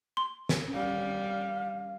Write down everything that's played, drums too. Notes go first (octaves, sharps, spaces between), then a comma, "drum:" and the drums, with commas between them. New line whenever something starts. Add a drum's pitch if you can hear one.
C6
drum: snare
G3 F5